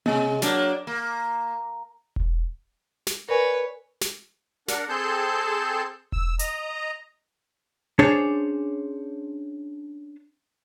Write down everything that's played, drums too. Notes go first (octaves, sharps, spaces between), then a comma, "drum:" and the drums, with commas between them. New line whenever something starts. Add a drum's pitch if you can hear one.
C3 G#3, drum: tom A#3
F#3 A#3 D4, drum: snare
A#3
drum: kick E1
drum: snare
A#4 B4 C#5 D5 G#5
drum: snare
D4 A#4 F#5, drum: snare
C4 G#4 A4 A5 C6 G6
E6, drum: kick E1
D#5 A#5, drum: hi-hat
C#4 D4 G#4 C5 C#5 A5